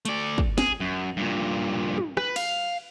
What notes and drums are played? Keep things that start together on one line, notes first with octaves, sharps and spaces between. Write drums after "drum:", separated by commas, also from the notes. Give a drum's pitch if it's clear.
A3 D5, drum: hi-hat
drum: kick
G#4, drum: snare
F#2
G2 A#2
drum: tom
B4, drum: rim click
F5, drum: cymbal